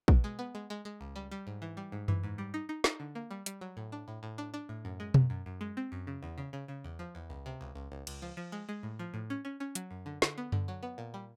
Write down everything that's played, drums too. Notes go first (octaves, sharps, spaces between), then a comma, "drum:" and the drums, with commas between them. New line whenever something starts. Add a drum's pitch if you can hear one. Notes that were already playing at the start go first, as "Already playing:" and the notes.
B2, drum: kick A#1
G#3
B3
G#3
G#3
G#3
C#2
G3
G3
G#2
E3
G3
G#2
E3, drum: tom F#2
G#2
G3
D#4
D#4
D#4, drum: snare
D3
A#3
G3
G3, drum: hi-hat
F#3
A2
D4
A2
A2
D4
D4
A2
F#2
G#3
F#2, drum: tom B2
F#2
F#2
G#3
C4
F#2
C#3
E2
C#3
C#3
C#3
E2
F3
E2
C#2
C3
C#2
C#2
C#2
C#2, drum: cymbal
F3
F3
G#3
G#3
A2
F3
A2
C#4
C#4
C#4
F#3, drum: hi-hat
F#2
D3
D3, drum: snare
B3
D3, drum: tom F#2
F#3
B3
A#2
G3